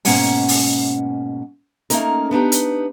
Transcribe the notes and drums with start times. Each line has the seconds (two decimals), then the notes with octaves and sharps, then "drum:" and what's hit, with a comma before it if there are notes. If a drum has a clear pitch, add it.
0.05 G#2 B2 A#3 C#4 F#5 G#5, drum: open hi-hat
0.48 drum: open hi-hat
1.90 A3 A#3 C#4 D#4 A#4, drum: hi-hat
2.31 B3 D4 D#4 G4
2.52 drum: hi-hat